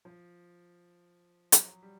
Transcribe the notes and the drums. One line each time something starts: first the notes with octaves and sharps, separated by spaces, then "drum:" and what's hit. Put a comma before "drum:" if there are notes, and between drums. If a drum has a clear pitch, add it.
F3
F3, drum: hi-hat
F#3
G3